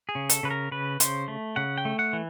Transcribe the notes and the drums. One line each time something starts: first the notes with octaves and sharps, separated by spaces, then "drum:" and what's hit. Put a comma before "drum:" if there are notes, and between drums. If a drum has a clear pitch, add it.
G#4
C#3
A4, drum: hi-hat
C#3 B4
A#4
C#3 B4
C#3 C5, drum: hi-hat
A3
C#3 F#5
G5
A3
F#5
E3